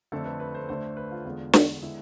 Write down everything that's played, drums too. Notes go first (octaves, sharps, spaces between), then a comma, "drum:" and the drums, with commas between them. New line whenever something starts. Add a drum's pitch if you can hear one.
F2 D3 A3 C4 A4
B4
B4
C5
D2 D3 A3 C5
B4
F4
E2 D3 G#3 B3
drum: snare
D3 G#3 B3 E4